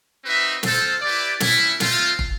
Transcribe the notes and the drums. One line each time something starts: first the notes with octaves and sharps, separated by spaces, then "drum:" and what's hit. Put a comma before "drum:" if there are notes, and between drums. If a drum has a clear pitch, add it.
C4 D#4 F#4 B4 E5
C4 F4 A4 C5, drum: snare
E4 G4 B4 D5
A3 C#4 E4, drum: snare
A3 C4 F4, drum: snare
drum: kick